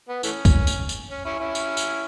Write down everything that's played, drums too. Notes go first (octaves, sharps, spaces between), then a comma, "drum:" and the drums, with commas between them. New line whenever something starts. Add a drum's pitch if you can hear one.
B3
E3 A3 C#4, drum: tambourine
drum: kick, tambourine
drum: tambourine
drum: tambourine
C#4
C#4 E4
C#4 E4
drum: tambourine
drum: tambourine